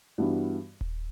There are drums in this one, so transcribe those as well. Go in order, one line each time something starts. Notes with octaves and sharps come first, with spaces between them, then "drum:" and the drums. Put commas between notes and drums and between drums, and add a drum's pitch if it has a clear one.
G2 E3 G3 B3 F#4
drum: kick D#1